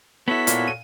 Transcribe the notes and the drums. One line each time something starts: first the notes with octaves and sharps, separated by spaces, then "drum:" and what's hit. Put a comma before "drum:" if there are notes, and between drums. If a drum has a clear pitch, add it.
B3 E4 F#4 A4 C#5 B6
A#2, drum: hi-hat
D#7